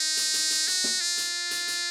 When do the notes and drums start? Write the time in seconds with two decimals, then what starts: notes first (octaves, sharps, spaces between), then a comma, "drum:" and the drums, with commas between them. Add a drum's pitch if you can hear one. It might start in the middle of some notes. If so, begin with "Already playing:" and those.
Already playing: D#4
0.17 drum: hi-hat
0.34 drum: hi-hat
0.51 drum: hi-hat
0.68 F#4, drum: hi-hat
0.84 drum: snare
1.01 F4
1.17 drum: hi-hat
1.51 drum: hi-hat
1.68 drum: hi-hat